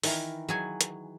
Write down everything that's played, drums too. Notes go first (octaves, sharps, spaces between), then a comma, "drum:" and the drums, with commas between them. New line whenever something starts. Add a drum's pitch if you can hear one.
D#3 E3 A#4, drum: open hi-hat
F#3 G#4 B4 G#5
drum: hi-hat